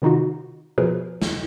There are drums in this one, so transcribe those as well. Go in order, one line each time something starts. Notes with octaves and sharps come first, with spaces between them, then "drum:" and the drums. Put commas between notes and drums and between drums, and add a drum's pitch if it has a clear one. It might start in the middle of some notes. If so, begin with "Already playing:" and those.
C3 D#3 D#4 F4 F#4
B2 F3 G#4 A#4 B4
drum: snare